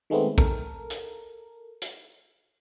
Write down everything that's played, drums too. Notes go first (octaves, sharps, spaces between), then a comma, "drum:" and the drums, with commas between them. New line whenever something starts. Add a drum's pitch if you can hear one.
D#3 G#3 A3 B3 C4
A4 A#4, drum: kick
drum: hi-hat
drum: hi-hat